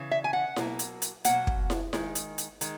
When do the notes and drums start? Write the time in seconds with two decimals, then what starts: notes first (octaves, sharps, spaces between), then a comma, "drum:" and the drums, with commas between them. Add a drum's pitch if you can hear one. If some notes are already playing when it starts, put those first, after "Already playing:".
Already playing: C#3 E3
0.11 E5
0.24 G#5
0.33 F#5
0.56 B2 F#3 A#3, drum: snare E4
0.79 drum: hi-hat
1.02 drum: hi-hat
1.24 B2 F#3 A#3 F#5, drum: hi-hat
1.47 drum: kick
1.70 drum: snare E4
1.93 D#3 G#3, drum: snare E4
2.15 drum: hi-hat
2.38 drum: hi-hat
2.61 D#3 G#3, drum: hi-hat